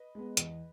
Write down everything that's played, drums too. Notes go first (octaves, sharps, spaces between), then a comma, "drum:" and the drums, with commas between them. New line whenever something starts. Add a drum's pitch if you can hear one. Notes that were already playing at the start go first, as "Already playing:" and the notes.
Already playing: B4 D#5
G#3 B3
E2, drum: hi-hat